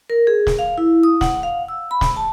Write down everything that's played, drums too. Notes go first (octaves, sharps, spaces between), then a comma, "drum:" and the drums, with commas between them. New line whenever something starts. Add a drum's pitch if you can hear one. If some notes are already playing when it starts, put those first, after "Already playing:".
A#4
G#4
drum: snare
F5
E4
D#6
F#5, drum: snare
F5
E6
B5
drum: snare
A5